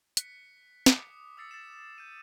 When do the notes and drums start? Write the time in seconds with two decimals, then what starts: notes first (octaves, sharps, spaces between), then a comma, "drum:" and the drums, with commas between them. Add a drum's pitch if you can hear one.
0.17 F#6 B6 C#7, drum: hi-hat
0.86 D6 D#6 C#7, drum: snare
1.37 D#6 E6 A6 C7 C#7
1.51 A6 C7 E7
1.98 G6 D#7